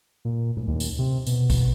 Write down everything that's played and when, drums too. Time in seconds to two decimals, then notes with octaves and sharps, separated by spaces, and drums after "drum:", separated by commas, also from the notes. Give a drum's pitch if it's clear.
0.25 A#2
0.57 drum: tom A#2
0.67 D#2
0.80 drum: tambourine
0.98 C3
1.27 B2, drum: tambourine
1.50 drum: kick G#1, tambourine